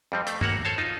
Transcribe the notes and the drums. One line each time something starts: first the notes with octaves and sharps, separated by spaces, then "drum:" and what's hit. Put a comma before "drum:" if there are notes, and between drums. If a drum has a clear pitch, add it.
F2 G3 C4
A3, drum: hi-hat
A#3 F#4 C#5 F#5, drum: tom
A4 C5 C#5 A5
D#4 F4